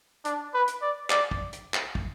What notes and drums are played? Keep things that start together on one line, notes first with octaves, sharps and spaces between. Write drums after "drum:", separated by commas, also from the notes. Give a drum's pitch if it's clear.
D4, drum: hi-hat
B4
drum: hi-hat
D5
D5, drum: clap
drum: kick
drum: hi-hat
drum: clap
drum: kick